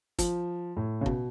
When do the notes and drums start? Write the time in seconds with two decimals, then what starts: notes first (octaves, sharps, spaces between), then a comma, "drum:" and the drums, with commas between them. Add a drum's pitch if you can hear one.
0.18 F3, drum: kick, hi-hat
0.77 A2
1.01 C#3
1.06 B2, drum: kick